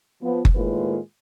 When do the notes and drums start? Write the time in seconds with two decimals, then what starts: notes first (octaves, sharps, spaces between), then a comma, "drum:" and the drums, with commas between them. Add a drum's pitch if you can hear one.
0.22 F3 B3
0.45 drum: kick F#1
0.55 A2 D#3 G#3 A#3 F4 B4